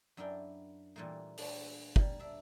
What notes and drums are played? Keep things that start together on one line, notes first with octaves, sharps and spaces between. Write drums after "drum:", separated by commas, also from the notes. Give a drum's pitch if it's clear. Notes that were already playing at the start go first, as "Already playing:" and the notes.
F#2 D4 E4 A#4 G5
A#2 E3 G3 A3 A#3
D4, drum: open hi-hat
G3 A#3, drum: kick
D4 E5